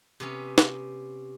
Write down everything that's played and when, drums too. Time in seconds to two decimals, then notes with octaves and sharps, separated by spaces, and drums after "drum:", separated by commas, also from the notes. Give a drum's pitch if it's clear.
0.20 C3 B3 C#4
0.58 drum: snare